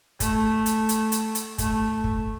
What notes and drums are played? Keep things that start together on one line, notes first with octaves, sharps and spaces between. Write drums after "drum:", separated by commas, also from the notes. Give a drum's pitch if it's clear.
A3, drum: kick, hi-hat
drum: hi-hat
drum: hi-hat
drum: hi-hat
drum: hi-hat
A3, drum: kick, hi-hat
drum: kick